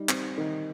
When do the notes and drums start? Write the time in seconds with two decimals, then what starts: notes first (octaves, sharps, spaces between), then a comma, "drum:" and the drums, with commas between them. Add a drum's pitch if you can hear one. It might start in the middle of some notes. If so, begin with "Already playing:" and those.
Already playing: G3 D#4
0.09 C4, drum: clap
0.38 D#3